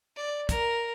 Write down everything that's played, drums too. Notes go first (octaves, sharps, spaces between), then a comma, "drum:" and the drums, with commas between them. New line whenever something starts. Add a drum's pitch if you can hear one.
D5
A#4, drum: kick, hi-hat